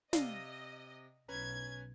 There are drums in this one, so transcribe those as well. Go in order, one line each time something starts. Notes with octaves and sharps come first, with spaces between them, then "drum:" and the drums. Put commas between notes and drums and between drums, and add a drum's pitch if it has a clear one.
C3 D5 D#5 F5, drum: snare
B1 C#4 B4 A#5 G#6